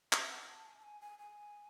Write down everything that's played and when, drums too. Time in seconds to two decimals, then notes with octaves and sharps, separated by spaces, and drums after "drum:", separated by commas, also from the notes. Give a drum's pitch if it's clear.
0.12 E5, drum: clap
0.30 F#5
0.48 A5
0.66 G#5
0.78 A5
0.83 G#5
1.01 G#5
1.19 G#5